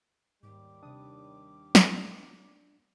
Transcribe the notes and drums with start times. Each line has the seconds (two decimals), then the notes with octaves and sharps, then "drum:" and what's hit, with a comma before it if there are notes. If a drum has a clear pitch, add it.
0.43 D#2 G#2 G3 D6
0.83 C3 D4 D#6
1.75 drum: snare